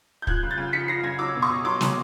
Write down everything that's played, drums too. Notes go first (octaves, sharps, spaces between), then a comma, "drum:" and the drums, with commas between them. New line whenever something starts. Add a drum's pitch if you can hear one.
G6
F3 F#6 G#6, drum: kick
C#3
G6 A6
C#3
F3 B6 C#7
F3 A#6 C7
C#3 G#6 A#6
F#3 D6 E6
B2
C#6 D#6
B2
F#3 C6 D6
F#3, drum: snare